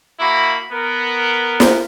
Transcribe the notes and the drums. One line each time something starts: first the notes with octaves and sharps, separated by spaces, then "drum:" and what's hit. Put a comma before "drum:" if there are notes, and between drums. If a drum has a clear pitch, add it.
A#3 E4 F#4 B5
B3 A#4
drum: snare